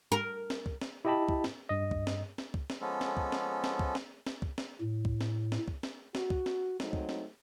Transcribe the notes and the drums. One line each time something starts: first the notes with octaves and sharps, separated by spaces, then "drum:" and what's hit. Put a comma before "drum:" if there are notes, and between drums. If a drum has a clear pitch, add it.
A#4
drum: snare
drum: kick
drum: snare
E4 G4 D#5 G5 A5 B5
drum: kick
drum: snare
G2 D#5
drum: kick
drum: snare
drum: snare
drum: kick
drum: snare
F3 G#3 B3 C#4 A4
drum: snare
drum: kick
drum: snare
drum: snare
drum: kick
drum: snare
drum: snare
drum: kick
drum: snare
A2
drum: kick
drum: snare
drum: snare
drum: kick
drum: snare
F#4, drum: snare
drum: kick
drum: snare
F#3 G#3 A3 C4 D#4, drum: snare
drum: kick
drum: snare